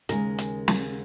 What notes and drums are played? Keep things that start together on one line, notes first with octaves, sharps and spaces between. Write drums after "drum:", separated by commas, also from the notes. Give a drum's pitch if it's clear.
D#2 C#3 G#3 A#4, drum: hi-hat
drum: hi-hat
drum: snare